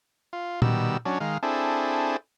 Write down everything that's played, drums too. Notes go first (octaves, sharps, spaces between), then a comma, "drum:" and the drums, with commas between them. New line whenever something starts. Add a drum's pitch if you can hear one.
F4
B2 D#3 G3 E6, drum: tom A#2
F#3 C#4 D4
D#3 G#3 F5
C4 D4 E4 G#4 A4